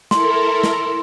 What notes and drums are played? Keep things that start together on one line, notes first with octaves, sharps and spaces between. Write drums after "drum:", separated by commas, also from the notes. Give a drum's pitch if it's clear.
E4 A4 A#4 C6, drum: snare
drum: snare